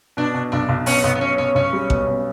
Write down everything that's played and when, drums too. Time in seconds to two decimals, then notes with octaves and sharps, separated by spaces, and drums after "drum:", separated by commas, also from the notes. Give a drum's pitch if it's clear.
0.17 B2 D4
0.34 B2
0.52 B1 D4
0.69 B1
0.86 B2 C#4, drum: open hi-hat
1.04 B1 B3
1.15 B3
1.21 B2 C#4
1.38 B1 C#4
1.55 B1 C#4
1.73 G3
1.90 B2, drum: kick A1
2.07 B2